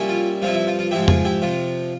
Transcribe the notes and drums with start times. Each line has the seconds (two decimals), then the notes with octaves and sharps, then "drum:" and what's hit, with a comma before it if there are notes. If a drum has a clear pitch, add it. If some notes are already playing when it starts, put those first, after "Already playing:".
Already playing: A#2 G3 C#4 E4
0.09 F4
0.42 G2 F3 C4 E4 F4
0.54 E4
0.67 F4
0.79 F4
0.91 G#2 F3 C4 E4 G4
1.08 F4 G#4, drum: tom F2
1.25 E4 G4
1.42 F2 C3 F3 F4